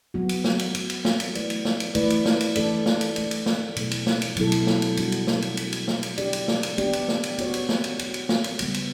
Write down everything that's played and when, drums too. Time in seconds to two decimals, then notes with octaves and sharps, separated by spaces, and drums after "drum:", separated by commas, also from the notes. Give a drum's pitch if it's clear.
0.14 F#3 B3 F#4
0.29 drum: cymbal
0.44 drum: snare
0.59 drum: cymbal
0.75 F#3 B3 F#4, drum: cymbal
0.90 drum: cymbal
1.05 drum: snare
1.20 drum: cymbal
1.35 E3 A3 E4 B4 D5, drum: cymbal
1.50 drum: cymbal
1.65 drum: snare
1.80 drum: cymbal
1.95 E3 A3 E4 B4 D5, drum: cymbal
2.10 drum: cymbal
2.25 drum: snare
2.41 drum: cymbal
2.55 E3 A3 D4 A4 D5, drum: cymbal
2.86 drum: snare
3.01 drum: cymbal
3.16 E3 A3 D4 A4 D5, drum: cymbal
3.31 drum: cymbal
3.46 drum: snare
3.76 B2 F#3 B3 E4 A4, drum: cymbal
3.91 drum: cymbal
4.07 drum: snare
4.22 drum: cymbal
4.37 B2 F#3 B3 E4 A4, drum: cymbal
4.52 drum: cymbal
4.67 drum: snare
4.82 drum: cymbal
4.97 G3 D4 F#4, drum: cymbal
5.12 drum: cymbal
5.27 drum: snare
5.42 drum: cymbal
5.57 G3 D4 F#4, drum: cymbal
5.73 drum: cymbal
5.88 drum: snare
6.03 drum: cymbal
6.18 B3 D4 G4 D5, drum: cymbal
6.33 drum: cymbal
6.48 drum: snare
6.63 drum: cymbal
6.78 B3 D4 G4 D5, drum: cymbal
6.93 drum: cymbal
7.08 drum: snare
7.23 drum: cymbal
7.38 B3 F#4 C#5, drum: cymbal
7.54 drum: cymbal
7.69 drum: snare
7.84 drum: cymbal
7.99 B3 F#4 C#5, drum: cymbal
8.14 drum: cymbal
8.29 drum: snare
8.44 drum: cymbal
8.59 C#3 G3 B3, drum: cymbal
8.74 drum: cymbal